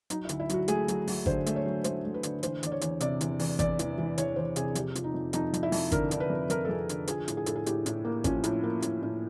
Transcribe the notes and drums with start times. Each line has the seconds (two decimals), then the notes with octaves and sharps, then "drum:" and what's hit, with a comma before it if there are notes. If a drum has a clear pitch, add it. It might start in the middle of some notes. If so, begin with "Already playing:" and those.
0.10 F#3 D#4, drum: hi-hat
0.25 E4
0.29 D2, drum: hi-hat
0.40 E4
0.49 F#3 F#4, drum: hi-hat
0.68 A3 G#4, drum: hi-hat
0.88 F#3, drum: hi-hat
1.07 F#3, drum: open hi-hat
1.26 D3 C5, drum: kick G#1
1.46 A3, drum: hi-hat
1.56 C#5
1.66 F#3
1.84 A3 C5, drum: hi-hat
2.04 A3
2.14 B4
2.23 D3, drum: hi-hat
2.43 E3 C5, drum: hi-hat
2.63 E2 D5, drum: hi-hat
2.72 C#5
2.81 E2, drum: hi-hat
3.00 C3 D5, drum: hi-hat
3.21 E2, drum: hi-hat
3.39 E2, drum: open hi-hat
3.59 E2 D5, drum: kick G#1, hi-hat
3.79 E3, drum: hi-hat
3.98 E3
4.18 E2 C#5, drum: hi-hat
4.36 E2 C5
4.56 C3 G#4, drum: hi-hat
4.75 F2 G4, drum: hi-hat
4.95 F3, drum: hi-hat
5.04 D#4
5.14 F2
5.33 F2 D#4, drum: hi-hat
5.54 F2, drum: hi-hat
5.63 E4
5.72 F2, drum: open hi-hat
5.92 D3 A#4, drum: kick G#1, hi-hat
6.11 D3, drum: hi-hat
6.20 B4
6.30 F2
6.50 F2 A#4, drum: hi-hat
6.65 A4
6.69 F2 G#4
6.89 D3, drum: hi-hat
7.07 F3 G#4, drum: hi-hat
7.28 A2, drum: hi-hat
7.37 G#4
7.46 A2 A4, drum: hi-hat
7.56 G#4
7.66 A2 G4, drum: hi-hat
7.86 A2, drum: hi-hat
8.05 A#3
8.24 F3 C#4, drum: kick G#1, hi-hat
8.44 A2, drum: hi-hat
8.64 A#3
8.82 A2, drum: hi-hat
9.03 A2